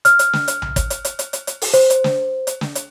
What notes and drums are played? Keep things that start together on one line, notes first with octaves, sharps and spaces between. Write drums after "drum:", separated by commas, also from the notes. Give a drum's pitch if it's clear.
F6, drum: hi-hat
drum: hi-hat
drum: snare
drum: hi-hat
drum: tom B1
drum: kick, hi-hat
drum: hi-hat
drum: hi-hat
drum: hi-hat
drum: hi-hat
drum: hi-hat
drum: open hi-hat
C5, drum: hi-hat
drum: hi-hat
drum: snare
drum: hi-hat
drum: snare
drum: hi-hat